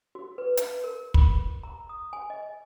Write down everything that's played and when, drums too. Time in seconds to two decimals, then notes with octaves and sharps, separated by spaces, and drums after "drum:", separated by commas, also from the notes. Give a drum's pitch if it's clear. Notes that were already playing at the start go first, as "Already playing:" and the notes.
0.15 F#4
0.38 B4
0.57 drum: hi-hat
0.84 A#4
1.14 B5, drum: kick
1.63 A#5
1.89 D#6
2.13 G#5
2.30 D#5